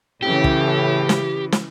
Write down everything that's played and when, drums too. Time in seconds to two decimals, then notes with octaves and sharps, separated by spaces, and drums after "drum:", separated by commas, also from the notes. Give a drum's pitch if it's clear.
0.23 A2 C#3 E3 G4
0.44 drum: kick
1.09 drum: snare
1.52 drum: snare